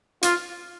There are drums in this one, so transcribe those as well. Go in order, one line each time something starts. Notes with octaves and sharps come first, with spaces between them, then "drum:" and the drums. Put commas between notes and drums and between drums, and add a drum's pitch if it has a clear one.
F4, drum: hi-hat